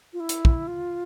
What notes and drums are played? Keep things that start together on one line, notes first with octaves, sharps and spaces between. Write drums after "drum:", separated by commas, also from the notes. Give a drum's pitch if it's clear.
F4
E4
drum: hi-hat
drum: kick
F4